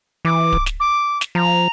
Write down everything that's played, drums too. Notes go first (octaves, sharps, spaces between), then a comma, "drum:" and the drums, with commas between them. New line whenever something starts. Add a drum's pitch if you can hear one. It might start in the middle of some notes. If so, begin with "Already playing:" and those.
E3 D6
drum: kick D1
drum: snare
D6
drum: snare
F3 A#5